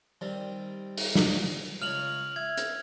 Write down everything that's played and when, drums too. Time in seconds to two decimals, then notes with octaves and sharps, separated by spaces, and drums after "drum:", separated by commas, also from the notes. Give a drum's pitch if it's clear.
0.21 D#3 G3 C4
0.98 drum: open hi-hat
1.15 drum: snare
1.82 C#2 C#5 F6 F7 F#7
2.36 E5 G#6
2.58 drum: hi-hat